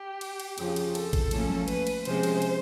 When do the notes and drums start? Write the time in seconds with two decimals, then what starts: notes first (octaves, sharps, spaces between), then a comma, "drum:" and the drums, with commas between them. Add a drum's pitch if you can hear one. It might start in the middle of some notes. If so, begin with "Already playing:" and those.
Already playing: G4
0.21 drum: cymbal
0.40 drum: cymbal
0.58 F2 C#3 F3, drum: cymbal
0.76 drum: cymbal
0.95 A4, drum: cymbal
1.13 drum: kick, cymbal
1.31 A2 F3 A#3 C#4, drum: cymbal
1.50 drum: tom F3
1.68 B4, drum: cymbal
1.87 drum: cymbal
2.05 C3 F3 G#3 C#4 C5, drum: cymbal
2.23 drum: cymbal
2.42 drum: cymbal